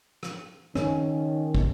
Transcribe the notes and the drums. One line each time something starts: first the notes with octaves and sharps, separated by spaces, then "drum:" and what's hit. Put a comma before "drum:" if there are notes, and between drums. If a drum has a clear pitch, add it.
drum: rim click
D#3 C#4, drum: rim click
drum: kick